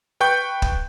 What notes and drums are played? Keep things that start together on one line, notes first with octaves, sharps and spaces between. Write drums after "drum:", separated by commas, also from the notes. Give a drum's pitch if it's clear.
B4 G5 C#6 G6
drum: kick